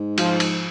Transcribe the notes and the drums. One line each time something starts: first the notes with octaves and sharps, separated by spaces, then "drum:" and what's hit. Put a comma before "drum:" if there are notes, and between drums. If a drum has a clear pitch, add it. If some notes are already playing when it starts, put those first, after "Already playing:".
Already playing: G#2
F3, drum: cymbal
drum: cymbal